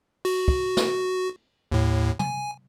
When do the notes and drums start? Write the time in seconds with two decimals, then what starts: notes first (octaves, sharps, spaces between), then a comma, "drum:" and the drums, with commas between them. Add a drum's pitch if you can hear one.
0.25 F#4, drum: open hi-hat
0.48 drum: kick
0.77 drum: snare
1.72 D#2 A2
2.19 G#5, drum: tom